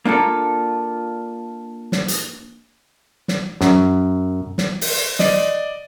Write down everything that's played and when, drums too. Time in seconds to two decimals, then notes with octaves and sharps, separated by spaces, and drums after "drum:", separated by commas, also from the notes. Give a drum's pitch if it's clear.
0.05 A#3 D4 F4 A4
1.92 drum: snare
2.08 drum: hi-hat
3.28 drum: snare
3.61 F#2, drum: snare
4.58 drum: snare
4.81 drum: open hi-hat
5.19 D5 D#5, drum: snare